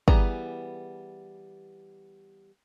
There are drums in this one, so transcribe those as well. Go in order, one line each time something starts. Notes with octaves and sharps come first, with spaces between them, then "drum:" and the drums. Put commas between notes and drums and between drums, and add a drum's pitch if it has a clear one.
E3 G3 B3 G#4 A#5, drum: kick